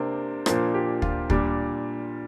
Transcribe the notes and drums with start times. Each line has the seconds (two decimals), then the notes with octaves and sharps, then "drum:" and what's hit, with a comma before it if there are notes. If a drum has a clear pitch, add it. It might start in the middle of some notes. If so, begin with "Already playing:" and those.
Already playing: C3 A#3 D4 C5
0.46 A#2 F3 A#3 D4 C5, drum: rim click
0.74 G4
1.02 F4, drum: kick
1.30 A#2 G3 D4, drum: kick